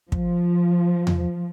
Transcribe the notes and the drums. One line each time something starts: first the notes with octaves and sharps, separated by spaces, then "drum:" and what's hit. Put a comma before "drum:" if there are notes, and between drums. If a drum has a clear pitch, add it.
F3, drum: kick
drum: tom E2